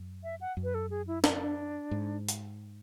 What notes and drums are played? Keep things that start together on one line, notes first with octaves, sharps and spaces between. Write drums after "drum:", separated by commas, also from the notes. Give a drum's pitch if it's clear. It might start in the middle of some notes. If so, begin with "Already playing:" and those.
Already playing: F#2
E5
F#5
F#2
B4
A4
G#4
E4
D4, drum: snare
G#2
drum: hi-hat